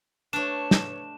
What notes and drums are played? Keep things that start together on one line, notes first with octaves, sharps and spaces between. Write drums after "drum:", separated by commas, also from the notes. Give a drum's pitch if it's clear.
A3 D4 B4 C#5 E7
drum: snare